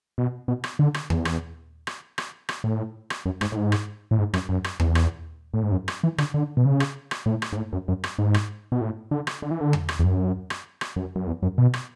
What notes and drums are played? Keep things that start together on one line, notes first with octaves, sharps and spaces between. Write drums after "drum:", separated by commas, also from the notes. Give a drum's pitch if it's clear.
B2
B2
drum: rim click
D3
drum: rim click
E2, drum: tom E2
drum: rim click
drum: rim click
drum: rim click
drum: rim click
A2
drum: rim click
F#2
G#2, drum: rim click
A2
G#2
drum: rim click
A2
G#2
F#2, drum: rim click
F#2
drum: rim click
E2, drum: tom E2
drum: rim click
A2
G#2
F#2
drum: rim click
E3
D3, drum: rim click
D3
B2
C#3
drum: rim click
drum: rim click
A2
drum: rim click
G#2
A2
F#2
F#2
drum: rim click
G#2
drum: rim click
B2
A2
D3
drum: rim click
D3
E3
D3
drum: tom E2
drum: rim click
E2
F#2
drum: rim click
drum: rim click
F#2
F#2
E2
F#2
B2
drum: rim click